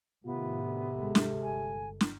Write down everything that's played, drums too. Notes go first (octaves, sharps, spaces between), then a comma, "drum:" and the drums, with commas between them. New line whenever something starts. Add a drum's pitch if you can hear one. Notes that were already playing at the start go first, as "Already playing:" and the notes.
A2 C3 D#3 B3 F4
D2
G#1 D#2 G#3 A4
drum: snare
G1 G#5
drum: snare